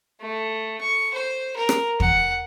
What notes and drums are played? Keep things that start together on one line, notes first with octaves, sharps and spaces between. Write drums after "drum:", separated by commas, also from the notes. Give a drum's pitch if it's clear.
A3
C#6
C5
A#4
drum: rim click
F#5, drum: kick